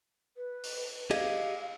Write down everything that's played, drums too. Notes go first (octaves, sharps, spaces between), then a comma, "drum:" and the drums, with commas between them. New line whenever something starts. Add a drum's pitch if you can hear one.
B4
drum: open hi-hat
G4 G#4 D#5 F5, drum: cymbal